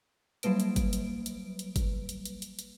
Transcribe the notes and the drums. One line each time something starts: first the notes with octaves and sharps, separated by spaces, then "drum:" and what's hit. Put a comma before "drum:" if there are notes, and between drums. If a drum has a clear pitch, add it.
F#3 G3 A#3 B4 D7, drum: hi-hat
drum: hi-hat
drum: kick G1, hi-hat
drum: hi-hat
drum: hi-hat
drum: hi-hat
drum: kick G1, hi-hat
drum: hi-hat
drum: hi-hat
drum: hi-hat
drum: hi-hat